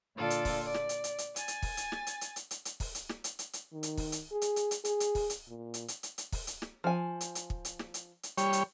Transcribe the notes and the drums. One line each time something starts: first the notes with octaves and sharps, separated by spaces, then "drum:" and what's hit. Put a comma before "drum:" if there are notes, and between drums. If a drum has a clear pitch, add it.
A#2 D3 F4 A4 D5
drum: hi-hat
drum: kick, open hi-hat
D5
drum: snare
drum: hi-hat
drum: hi-hat
drum: hi-hat
G#5 A6, drum: hi-hat
drum: hi-hat
drum: kick, open hi-hat
drum: hi-hat
drum: snare
drum: hi-hat
drum: hi-hat
drum: hi-hat
drum: hi-hat
drum: hi-hat
drum: kick, open hi-hat
drum: hi-hat
drum: snare
drum: hi-hat
drum: hi-hat
drum: hi-hat
D#3
drum: hi-hat
drum: kick, open hi-hat
drum: hi-hat
G#4
drum: hi-hat
drum: hi-hat
drum: hi-hat
G#4, drum: hi-hat
drum: hi-hat
drum: kick, open hi-hat
drum: hi-hat
A#2
drum: hi-hat
drum: hi-hat
drum: hi-hat
drum: hi-hat
drum: kick, open hi-hat
drum: hi-hat
drum: snare
F3 G#5
drum: hi-hat
drum: hi-hat
drum: kick
drum: hi-hat
drum: snare
drum: hi-hat
drum: hi-hat
G3 C#5, drum: hi-hat
drum: hi-hat